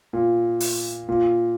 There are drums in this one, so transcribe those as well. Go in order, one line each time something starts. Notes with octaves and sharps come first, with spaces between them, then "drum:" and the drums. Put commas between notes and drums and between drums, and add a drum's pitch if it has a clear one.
A#2
drum: open hi-hat
A#2